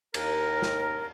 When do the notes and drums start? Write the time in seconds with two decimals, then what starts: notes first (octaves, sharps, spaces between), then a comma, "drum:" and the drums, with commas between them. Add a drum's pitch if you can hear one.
0.14 D#2 A#4, drum: cymbal
0.62 drum: snare